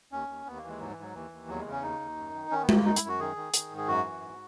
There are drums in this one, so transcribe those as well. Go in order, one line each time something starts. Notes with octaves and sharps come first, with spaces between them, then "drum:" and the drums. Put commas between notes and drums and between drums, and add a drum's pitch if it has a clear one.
D#2 C#4
D#2
D#2 B3
A#3
E3
G#3
G#2 F#3
E3
G#2
F#3
D#2 E3
D#2
E2 F#3
G#3
C#3
C#4
D#2 D#4
D#2
F#2
D#3
D#3 C#4
B3
D#2 A#3, drum: tom G#3
F#2 D#4
E4, drum: hi-hat
F#2
F#4
D#3 G#4
D#3
D#3, drum: hi-hat
G#2
G#4
F#2 F#4
E3
G#2